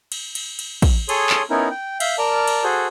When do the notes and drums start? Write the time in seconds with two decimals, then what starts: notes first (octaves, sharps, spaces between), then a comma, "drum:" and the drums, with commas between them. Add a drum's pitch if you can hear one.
0.12 drum: cymbal
0.35 drum: cymbal
0.59 drum: cymbal
0.82 drum: kick, cymbal
1.09 G#4 A4 C#5 C6 D#6, drum: cymbal
1.30 drum: clap
1.50 B3 C#4 D#4 E4 A#4
1.71 G5
2.00 E5 F5 G6, drum: cymbal
2.18 A#4 D5 A5 F6
2.47 drum: cymbal
2.64 F#4 G#4 A4 C5